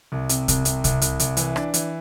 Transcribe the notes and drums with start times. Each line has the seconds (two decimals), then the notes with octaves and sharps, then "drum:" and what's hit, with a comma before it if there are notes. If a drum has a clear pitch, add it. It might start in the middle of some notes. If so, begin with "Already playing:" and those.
0.12 C2
0.29 C3, drum: hi-hat
0.48 C2, drum: kick C2, hi-hat
0.65 C3, drum: hi-hat
0.84 C2, drum: kick C2, hi-hat
1.02 C2, drum: hi-hat
1.20 C2, drum: hi-hat
1.37 E3, drum: hi-hat
1.56 D4, drum: rim click
1.74 E3, drum: hi-hat